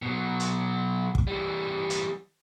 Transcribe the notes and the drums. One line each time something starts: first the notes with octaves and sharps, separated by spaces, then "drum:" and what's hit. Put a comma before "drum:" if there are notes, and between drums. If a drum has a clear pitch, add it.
B2 F#3
drum: hi-hat
drum: kick
E3 G3
drum: hi-hat